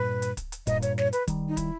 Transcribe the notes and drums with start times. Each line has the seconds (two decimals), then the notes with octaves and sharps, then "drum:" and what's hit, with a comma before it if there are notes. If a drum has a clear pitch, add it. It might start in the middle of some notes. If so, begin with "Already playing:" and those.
Already playing: G2 A#2 B4
0.22 drum: hi-hat
0.37 drum: kick, hi-hat
0.52 drum: hi-hat
0.67 G2 A#2 D#5, drum: kick, hi-hat
0.82 C#5, drum: hi-hat
0.98 C#5, drum: snare
1.13 B4, drum: hi-hat
1.27 D#3 G3, drum: kick, hi-hat
1.49 D#4
1.57 E4, drum: kick, hi-hat